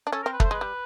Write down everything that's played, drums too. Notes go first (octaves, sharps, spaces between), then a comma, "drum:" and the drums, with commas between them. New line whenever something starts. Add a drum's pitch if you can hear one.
D4
C#4 A4
C4 A#4
B4
A3 C5, drum: kick
G#3 B4
G3